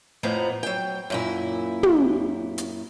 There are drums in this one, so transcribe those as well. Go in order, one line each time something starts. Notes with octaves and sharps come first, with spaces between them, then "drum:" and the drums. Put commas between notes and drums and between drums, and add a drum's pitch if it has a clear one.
F2 A2 F3 B3 A#5
F#3 G5
F#2 A#2 E4
drum: tom
drum: hi-hat